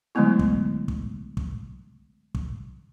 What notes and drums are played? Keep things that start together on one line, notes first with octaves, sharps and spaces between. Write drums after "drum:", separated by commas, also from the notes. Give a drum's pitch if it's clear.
D3 F#3 G#3 A3 B3 E4
drum: kick
drum: kick
drum: kick
drum: kick